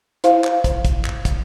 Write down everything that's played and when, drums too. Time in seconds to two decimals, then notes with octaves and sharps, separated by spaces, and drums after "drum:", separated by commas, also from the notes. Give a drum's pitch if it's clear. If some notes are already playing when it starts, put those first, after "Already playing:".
0.24 E4 C5 F5, drum: hi-hat
0.44 drum: clap
0.64 drum: kick, hi-hat
0.85 drum: kick, hi-hat
1.05 drum: clap
1.25 drum: kick, hi-hat